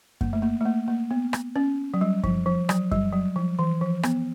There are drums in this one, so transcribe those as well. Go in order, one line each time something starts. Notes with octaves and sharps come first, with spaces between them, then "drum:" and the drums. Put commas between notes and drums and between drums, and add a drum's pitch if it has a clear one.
A#3, drum: kick F#2
A3
A#3
A3
A#3
A#3
B3
drum: rim click
C#4
F#3
G3
F3, drum: kick F#2
F3
F#3, drum: rim click
G3, drum: kick F#2
F#3
F3
E3
F3
B3, drum: rim click